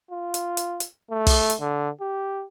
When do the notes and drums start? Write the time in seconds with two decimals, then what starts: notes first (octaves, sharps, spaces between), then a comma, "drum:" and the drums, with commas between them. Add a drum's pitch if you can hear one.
0.11 F4
0.34 drum: hi-hat
0.57 drum: hi-hat
0.80 drum: hi-hat
1.11 A3
1.26 drum: kick, open hi-hat
1.50 drum: hi-hat
1.60 D3
2.01 G4